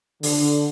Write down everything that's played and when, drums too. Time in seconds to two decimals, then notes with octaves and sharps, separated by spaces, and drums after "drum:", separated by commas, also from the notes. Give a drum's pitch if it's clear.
0.23 D3, drum: open hi-hat